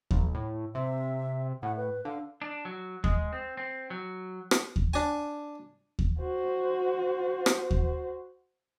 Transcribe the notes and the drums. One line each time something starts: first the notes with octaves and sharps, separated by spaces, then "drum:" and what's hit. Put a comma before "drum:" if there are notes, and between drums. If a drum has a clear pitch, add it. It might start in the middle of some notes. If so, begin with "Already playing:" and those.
B1, drum: kick D#2
A2
C3 E5
A2 F#5
B4
D3 F5
D4
F#3
G#3, drum: kick D#2
C4
C4
F#3
drum: rim click
drum: kick D#2
D4 G#5
drum: kick D#2
F#4 C5
drum: rim click
drum: kick D#2